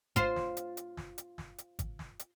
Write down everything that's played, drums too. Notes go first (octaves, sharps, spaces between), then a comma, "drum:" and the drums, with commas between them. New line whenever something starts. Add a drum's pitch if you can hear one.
F4 C5, drum: kick G#1, hi-hat
drum: snare
drum: hi-hat
drum: hi-hat
drum: snare
drum: hi-hat
drum: snare
drum: hi-hat
drum: kick G#1, hi-hat
drum: snare
drum: hi-hat